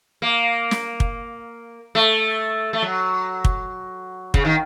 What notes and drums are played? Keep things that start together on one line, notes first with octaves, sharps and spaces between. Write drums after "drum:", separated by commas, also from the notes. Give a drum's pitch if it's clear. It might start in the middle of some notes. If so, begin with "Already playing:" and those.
A#3
drum: snare
drum: kick
A3
A3
F#3
drum: kick
C#3, drum: kick
D#3